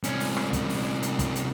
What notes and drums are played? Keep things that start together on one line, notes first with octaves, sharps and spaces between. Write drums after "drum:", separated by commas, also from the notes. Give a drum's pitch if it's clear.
C2 C#4, drum: hi-hat
drum: open hi-hat
drum: rim click
drum: kick, hi-hat
drum: open hi-hat
drum: hi-hat
drum: kick, hi-hat
drum: hi-hat